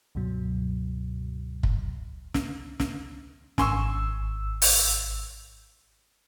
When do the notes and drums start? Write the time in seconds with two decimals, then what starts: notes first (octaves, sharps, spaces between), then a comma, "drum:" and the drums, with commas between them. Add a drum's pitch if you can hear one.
0.15 C#2 G2 B2 F#3
1.63 drum: kick
2.34 drum: snare
2.80 drum: snare
3.58 G#1 G#5 C6 C#6 E6, drum: snare
4.62 drum: open hi-hat